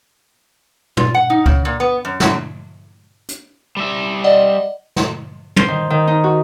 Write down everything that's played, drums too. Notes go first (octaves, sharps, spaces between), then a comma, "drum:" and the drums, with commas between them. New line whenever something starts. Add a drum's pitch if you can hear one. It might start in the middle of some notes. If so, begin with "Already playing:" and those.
F4, drum: tom
F#5
D#4
C#3, drum: kick C#2
A#2
B3
F#2
F#2, drum: snare
drum: hi-hat
G3 E5
D5 D#5 F#5
drum: snare
C5, drum: tom
D#3
D#3
D#4
F#4